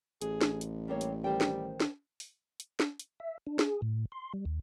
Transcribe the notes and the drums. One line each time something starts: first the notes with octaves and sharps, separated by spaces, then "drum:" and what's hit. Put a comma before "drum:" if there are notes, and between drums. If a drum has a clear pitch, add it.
A1 G#4, drum: hi-hat
drum: snare
drum: hi-hat
G3 A#3 C4 C#5
drum: hi-hat
D#3 G3 C5 G5
drum: snare
drum: snare
drum: open hi-hat
drum: hi-hat
drum: snare
drum: hi-hat
E5
D4
G#4, drum: snare
A2
C6
G3
D#2